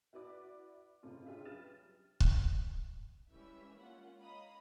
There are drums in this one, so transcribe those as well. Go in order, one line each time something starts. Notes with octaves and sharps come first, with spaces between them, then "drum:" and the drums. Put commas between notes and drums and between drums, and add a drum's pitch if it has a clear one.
E4 F#4 B4 D5 D6
F#1 G#2 C3 C#4 F4 A4
C#4 D4 F4 G4 G#4 E5
F#3 G3 B4 F6 A6 E7
drum: kick C#1
E3 G3 G#3 C#4 E5 E6
G#3 A#3 C#4 F4 F#5
C#5 D#5 F5 A#5 B5 D#6